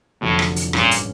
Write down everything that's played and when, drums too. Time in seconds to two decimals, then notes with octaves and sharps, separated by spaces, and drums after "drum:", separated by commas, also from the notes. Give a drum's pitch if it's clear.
0.21 F1 F2 A2 D3 F#3 A3
0.39 drum: rim click
0.56 drum: hi-hat
0.73 A1 G2 A#2 E3 G#3 C#4, drum: rim click
0.91 drum: hi-hat